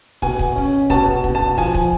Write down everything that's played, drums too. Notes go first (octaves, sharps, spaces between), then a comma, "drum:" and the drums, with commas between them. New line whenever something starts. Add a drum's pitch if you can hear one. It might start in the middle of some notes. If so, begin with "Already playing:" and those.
B2 G#5, drum: kick, open hi-hat
drum: kick
C#4, drum: open hi-hat
B2 A5, drum: kick, hi-hat
B2, drum: kick
A5
F3 G#5, drum: kick, open hi-hat
drum: kick